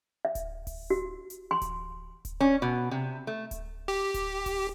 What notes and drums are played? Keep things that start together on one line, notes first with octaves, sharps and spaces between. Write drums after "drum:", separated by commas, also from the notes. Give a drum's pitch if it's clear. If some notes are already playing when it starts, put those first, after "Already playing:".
E5
drum: kick D1, hi-hat
drum: kick D1, open hi-hat
F#4
drum: hi-hat
C6
drum: kick D1, hi-hat
drum: kick D1, hi-hat
C#4
B2
C3
A3
drum: kick D1, hi-hat
G4
drum: kick D1, hi-hat
drum: kick D1, open hi-hat